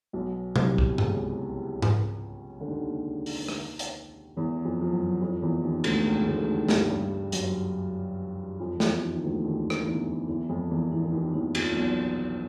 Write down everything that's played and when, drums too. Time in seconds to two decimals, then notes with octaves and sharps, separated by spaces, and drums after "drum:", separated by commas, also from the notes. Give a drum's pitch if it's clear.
0.13 B1 B2
0.56 C2 C3, drum: tom A#2
0.78 drum: kick
0.98 C#2 C#3, drum: tom G2
1.82 drum: tom G#2
2.61 D3
2.68 D#2 D#3
3.26 drum: open hi-hat
3.48 drum: rim click
3.79 drum: hi-hat
4.36 E2 E3
4.65 F2 F3
4.81 F3
4.93 F#2 F#3
5.22 F2 F3
5.42 E2 E3
5.63 D#2 D#3
5.84 D2 D3, drum: cymbal
6.06 C#2 C#3
6.27 D2 D3
6.48 D#2 D#3
6.69 G2 G3, drum: snare
6.90 G2 G3
7.32 F#2 F#3, drum: hi-hat
8.60 F2 F3
8.77 F3
8.80 E2 E3, drum: snare
9.01 D#2 D#3
9.15 D#3
9.23 D2 D3
9.44 D#2 D#3
9.70 drum: rim click
9.86 E2 E3
10.28 E2 E3
10.49 F2 F3
10.71 E2 E3
10.92 E2 E3
11.04 E3
11.12 D#2 D#3
11.34 E2 E3
11.55 F2 F3, drum: cymbal
11.70 A#2
11.76 B1 B2